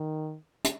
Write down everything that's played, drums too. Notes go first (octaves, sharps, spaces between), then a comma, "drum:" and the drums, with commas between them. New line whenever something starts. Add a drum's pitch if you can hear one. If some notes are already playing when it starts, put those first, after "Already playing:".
Already playing: D#3
drum: hi-hat